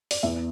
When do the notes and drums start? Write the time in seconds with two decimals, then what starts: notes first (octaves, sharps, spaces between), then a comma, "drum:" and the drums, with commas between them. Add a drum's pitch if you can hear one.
0.11 D5, drum: open hi-hat
0.23 E2 E5